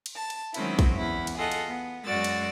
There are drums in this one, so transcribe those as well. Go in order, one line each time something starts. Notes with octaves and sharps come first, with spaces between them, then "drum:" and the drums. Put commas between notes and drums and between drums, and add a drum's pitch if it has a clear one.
drum: cymbal
A5
drum: cymbal
D#3 F#3 G#3 C4 C#4 E4, drum: cymbal
drum: kick, cymbal
E2 E4
drum: cymbal
F4 G#4 A4 D#5 F#5
drum: cymbal
B3
F#2 G#3 F#4 D5 E6 A6
drum: cymbal